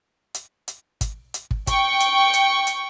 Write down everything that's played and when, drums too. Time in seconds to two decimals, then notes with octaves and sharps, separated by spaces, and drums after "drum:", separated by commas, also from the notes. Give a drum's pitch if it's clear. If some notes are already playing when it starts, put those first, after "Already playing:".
0.34 drum: hi-hat
0.68 drum: hi-hat
1.01 drum: kick, hi-hat
1.34 drum: hi-hat
1.51 drum: kick
1.67 G5 C#6, drum: kick, hi-hat
2.00 drum: hi-hat
2.34 drum: hi-hat
2.67 drum: hi-hat